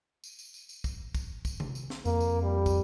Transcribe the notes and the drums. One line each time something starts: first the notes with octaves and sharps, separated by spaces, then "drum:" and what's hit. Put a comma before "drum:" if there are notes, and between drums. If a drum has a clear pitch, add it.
drum: tambourine
drum: tambourine
drum: tambourine
drum: tambourine
drum: kick, tambourine
drum: kick, tambourine
drum: kick, tambourine
drum: tom C3
drum: tambourine
drum: snare
F2 A#3, drum: tambourine
drum: tambourine
G3
drum: kick, tambourine